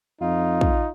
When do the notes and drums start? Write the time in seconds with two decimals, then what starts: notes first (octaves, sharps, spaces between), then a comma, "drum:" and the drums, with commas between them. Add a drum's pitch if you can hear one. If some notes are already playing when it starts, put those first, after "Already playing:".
0.21 F2 D#4 F4
0.61 drum: kick